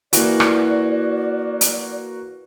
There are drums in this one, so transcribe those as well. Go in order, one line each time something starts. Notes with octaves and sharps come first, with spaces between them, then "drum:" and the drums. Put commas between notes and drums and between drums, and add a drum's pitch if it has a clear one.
E3 A#3 F#4 D5, drum: hi-hat
drum: rim click
drum: hi-hat